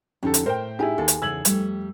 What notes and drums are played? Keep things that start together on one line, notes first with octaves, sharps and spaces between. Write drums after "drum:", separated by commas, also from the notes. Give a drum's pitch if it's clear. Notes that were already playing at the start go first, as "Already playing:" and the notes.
F2 D3 C#4 D#4 G4 A4
drum: hi-hat
A2 A#4 C5 G5
D#4 E4 G4 G#4 G#5
D#2 A4
drum: hi-hat
E2 G2 C#3 E6 G#6 F#7
F2 G3 A3, drum: hi-hat